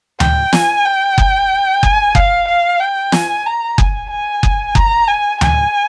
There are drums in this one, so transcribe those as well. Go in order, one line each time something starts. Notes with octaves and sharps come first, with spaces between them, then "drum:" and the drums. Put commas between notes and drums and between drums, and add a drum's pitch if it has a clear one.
G5, drum: tom D2
G#5, drum: snare
G5
drum: kick F#1
G#5, drum: kick F#1
F5, drum: kick F#1
F5
G5
G#5, drum: snare
A#5
G#5, drum: kick F#1
G#5
drum: kick F#1
A#5, drum: kick F#1
G#5
G#5, drum: tom D2